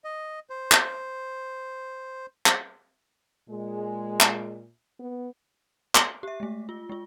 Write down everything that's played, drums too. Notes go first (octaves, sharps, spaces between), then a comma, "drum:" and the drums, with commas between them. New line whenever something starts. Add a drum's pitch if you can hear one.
D#5
C5
drum: clap
drum: clap
A#2 G#3
drum: clap
B3
drum: clap
G4 E5
G#3 A3
F4
G#3 F4